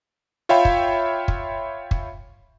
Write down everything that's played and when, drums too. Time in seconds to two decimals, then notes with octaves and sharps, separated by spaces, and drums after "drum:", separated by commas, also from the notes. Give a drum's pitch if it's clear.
0.49 F4 C#5 E5 F5 G5 B5
0.65 drum: kick
1.28 drum: kick
1.91 drum: kick